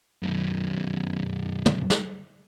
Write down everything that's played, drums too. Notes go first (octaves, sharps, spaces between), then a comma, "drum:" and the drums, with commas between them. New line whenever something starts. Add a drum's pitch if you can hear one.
B1 F#2
drum: tom
drum: snare